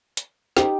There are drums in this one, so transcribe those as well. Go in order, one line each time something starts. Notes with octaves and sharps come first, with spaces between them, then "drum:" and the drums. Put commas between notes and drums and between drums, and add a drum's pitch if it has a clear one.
drum: hi-hat
D#4 G4, drum: snare